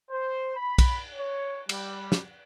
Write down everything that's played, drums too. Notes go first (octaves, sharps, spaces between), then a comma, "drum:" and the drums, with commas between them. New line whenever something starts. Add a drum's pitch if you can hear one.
C5
B5
drum: kick B1, cymbal
C#5
G3, drum: cymbal
drum: snare